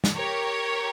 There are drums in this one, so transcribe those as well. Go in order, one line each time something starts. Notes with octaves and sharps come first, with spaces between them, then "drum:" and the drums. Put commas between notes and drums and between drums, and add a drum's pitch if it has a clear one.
drum: snare
G4 A#4 C#5